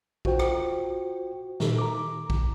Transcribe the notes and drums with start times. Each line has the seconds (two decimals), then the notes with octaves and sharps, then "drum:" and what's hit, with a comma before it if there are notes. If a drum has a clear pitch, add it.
0.25 F4 F#4 C5 G5, drum: kick A#1
0.39 drum: rim click
1.60 A#2 D#3 D#4 G4 A4, drum: snare
1.78 A#5 D6
2.30 drum: kick A#1